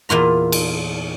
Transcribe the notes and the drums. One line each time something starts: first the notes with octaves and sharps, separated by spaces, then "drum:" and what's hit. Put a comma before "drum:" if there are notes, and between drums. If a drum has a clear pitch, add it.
E2 A#2 F4 A#5
drum: cymbal